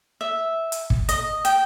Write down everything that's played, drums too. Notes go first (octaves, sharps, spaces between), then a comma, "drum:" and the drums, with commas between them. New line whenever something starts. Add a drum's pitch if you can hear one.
E5
drum: hi-hat
drum: kick
D#5, drum: hi-hat
G5, drum: hi-hat